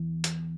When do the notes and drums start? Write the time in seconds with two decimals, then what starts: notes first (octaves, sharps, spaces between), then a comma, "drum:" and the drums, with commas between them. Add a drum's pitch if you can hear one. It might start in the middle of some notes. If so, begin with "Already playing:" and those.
Already playing: E2
0.24 drum: hi-hat